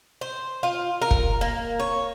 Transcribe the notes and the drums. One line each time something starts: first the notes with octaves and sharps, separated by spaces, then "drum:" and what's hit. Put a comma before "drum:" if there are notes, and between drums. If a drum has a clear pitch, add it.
C5
F4
A#4
drum: kick
A#3
C#5